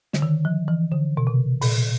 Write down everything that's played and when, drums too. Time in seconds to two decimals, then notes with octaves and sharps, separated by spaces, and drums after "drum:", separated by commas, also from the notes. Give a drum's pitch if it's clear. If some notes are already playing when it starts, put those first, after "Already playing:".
0.13 D3, drum: snare
0.22 D#3
0.45 F3
0.68 E3
0.92 D3
1.17 B2
1.27 C3
1.62 A#2, drum: open hi-hat